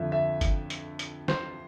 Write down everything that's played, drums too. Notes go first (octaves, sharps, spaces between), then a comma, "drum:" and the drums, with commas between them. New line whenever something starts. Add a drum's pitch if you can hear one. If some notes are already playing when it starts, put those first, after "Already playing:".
Already playing: F2 D3 F3 E5
E5
drum: kick G1, hi-hat
drum: hi-hat
drum: hi-hat
C5, drum: snare